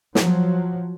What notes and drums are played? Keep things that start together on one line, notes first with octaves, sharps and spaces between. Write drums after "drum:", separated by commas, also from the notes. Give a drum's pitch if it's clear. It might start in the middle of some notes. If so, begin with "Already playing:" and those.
F3 F#3, drum: snare